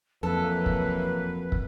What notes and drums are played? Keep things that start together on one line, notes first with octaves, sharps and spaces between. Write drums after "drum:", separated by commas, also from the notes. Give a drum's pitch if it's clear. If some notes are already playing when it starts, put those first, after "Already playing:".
F2 E3 F#3 A#3 A4 B4
drum: kick
drum: kick